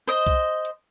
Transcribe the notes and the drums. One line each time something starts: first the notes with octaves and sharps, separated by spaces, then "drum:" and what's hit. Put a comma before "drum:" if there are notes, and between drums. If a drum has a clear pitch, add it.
C5 D#5
drum: kick B1, hi-hat
drum: hi-hat